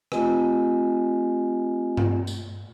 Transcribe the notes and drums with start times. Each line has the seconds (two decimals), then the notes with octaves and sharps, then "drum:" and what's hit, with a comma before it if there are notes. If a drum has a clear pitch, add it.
0.12 A3 C4 F4 G4 D#5 G#5, drum: rim click
1.97 drum: tom G2
2.27 drum: tambourine